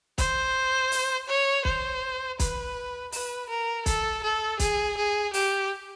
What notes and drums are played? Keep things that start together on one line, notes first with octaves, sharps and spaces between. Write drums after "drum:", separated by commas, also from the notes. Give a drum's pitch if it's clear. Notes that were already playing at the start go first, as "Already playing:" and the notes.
C5, drum: kick, hi-hat
drum: open hi-hat
C#5
C5, drum: kick
B4, drum: kick, hi-hat
B4, drum: open hi-hat
A#4
A4, drum: kick, hi-hat
A4
G#4, drum: kick, hi-hat
G#4
G4, drum: open hi-hat